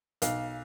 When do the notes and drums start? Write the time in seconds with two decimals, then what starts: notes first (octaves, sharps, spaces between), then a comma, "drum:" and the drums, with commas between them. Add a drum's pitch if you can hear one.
0.22 B1 F5, drum: hi-hat